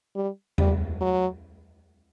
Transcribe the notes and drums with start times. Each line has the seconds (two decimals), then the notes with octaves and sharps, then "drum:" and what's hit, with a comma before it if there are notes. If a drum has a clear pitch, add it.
0.16 G3
0.58 G3, drum: tom E2
1.01 F#3